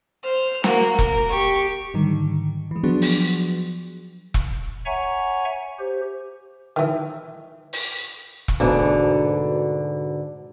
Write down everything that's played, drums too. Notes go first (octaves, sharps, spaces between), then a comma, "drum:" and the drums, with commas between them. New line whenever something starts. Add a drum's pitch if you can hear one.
C5 F6
A#3 F#4, drum: snare
A#4, drum: kick E1
G4 C#6
G#2 D3 D#3 G3
E3 G#3
F3 F#3 B3 D4 F#4 G#4
drum: open hi-hat
drum: kick E1
C#5 E5 F#5 G#5 A#5 C#6
G4 C5
D#3 E3
drum: open hi-hat
drum: kick E1
D2 G#2 B2 D3